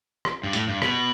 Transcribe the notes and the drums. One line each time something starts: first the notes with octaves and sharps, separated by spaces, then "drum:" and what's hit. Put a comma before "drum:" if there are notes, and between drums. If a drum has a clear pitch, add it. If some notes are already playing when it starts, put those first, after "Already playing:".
drum: rim click
G2
A2, drum: hi-hat
G2
B2, drum: rim click